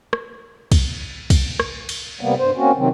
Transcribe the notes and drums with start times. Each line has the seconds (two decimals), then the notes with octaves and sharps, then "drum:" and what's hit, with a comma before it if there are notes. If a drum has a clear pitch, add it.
0.13 drum: rim click
0.72 drum: kick, cymbal
1.30 drum: kick, cymbal
1.60 drum: rim click
1.89 drum: cymbal
2.21 C3 G3 A#3 B3
2.39 G2 C5
2.57 A#3 C4 C#4 F#4
2.77 C3 D#3 F#3 C4